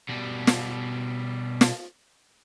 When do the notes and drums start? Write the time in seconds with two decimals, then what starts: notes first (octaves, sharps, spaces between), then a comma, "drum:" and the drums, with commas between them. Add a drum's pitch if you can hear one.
0.09 B2 G3
0.47 drum: snare
1.61 drum: snare